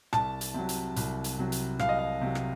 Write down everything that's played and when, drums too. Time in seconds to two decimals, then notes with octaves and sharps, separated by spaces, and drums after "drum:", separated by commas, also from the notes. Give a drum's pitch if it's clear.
0.13 C2 A5, drum: rim click
0.41 drum: hi-hat
0.54 C3 F#3
0.69 drum: hi-hat
0.96 C2, drum: hi-hat
1.24 drum: hi-hat
1.38 C3 F#3
1.52 drum: hi-hat
1.79 C2 F5, drum: rim click
1.89 D#5
1.99 F5
2.21 C3 F#3
2.35 drum: rim click